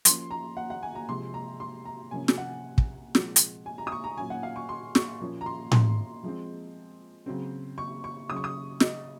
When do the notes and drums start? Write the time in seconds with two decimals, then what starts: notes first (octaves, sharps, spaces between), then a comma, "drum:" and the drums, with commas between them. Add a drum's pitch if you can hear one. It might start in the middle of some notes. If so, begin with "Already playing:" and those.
0.05 F3 A#3 C#4 C6, drum: hi-hat
0.31 A#5
0.57 F#5
0.70 F#5
0.83 G#5
0.95 A#5
1.09 C3 F3 G#3 C6
1.34 A#5
1.60 C6
1.85 A#5
2.11 C3 F3 A#3 C#4 G#5
2.28 drum: snare
2.38 F#5
2.78 drum: kick
3.15 A#2 F3 G#3 C4, drum: snare
3.36 drum: hi-hat
3.66 G#5
3.78 A#5
3.87 D#6
3.92 C#6
4.04 A#5
4.17 A#2 F#3 C#4 G#5
4.30 F#5
4.43 F5
4.56 C#6
4.69 C6
4.95 C#6, drum: snare
5.20 A#2 F3 A#3 C#4
5.41 A#5
5.46 C6
5.71 C6, drum: tom A2
6.23 F3 G#3 C4
7.26 C#3 F#3 C4
7.78 C#6
8.04 C#6
8.29 C#3 F#3 C#4 D#6
8.36 C#6
8.44 D#6
8.80 D#5, drum: snare